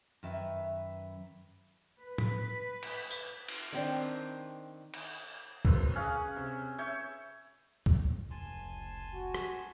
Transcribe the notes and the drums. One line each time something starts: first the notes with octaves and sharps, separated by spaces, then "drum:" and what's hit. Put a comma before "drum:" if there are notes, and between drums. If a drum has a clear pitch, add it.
F#2 D#3 B4 E5
B4
drum: tom
drum: cymbal
drum: tambourine
drum: cymbal
D#3 C4 D4
drum: cymbal
F#2 C#3 F#3 B4 C5, drum: kick
C#4 G#4 F5 F6 F#6
C3
C#5 E5 G6
F3, drum: kick
F1 C#2 G#5 A5 C6
F#4
drum: rim click